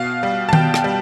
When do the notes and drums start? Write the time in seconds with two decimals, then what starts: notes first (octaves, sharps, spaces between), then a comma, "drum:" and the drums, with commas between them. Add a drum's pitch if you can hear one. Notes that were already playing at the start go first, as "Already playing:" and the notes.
Already playing: B2 F5
0.23 G3
0.49 A5
0.53 B2 G5, drum: tom D#3
0.74 drum: rim click
0.84 G3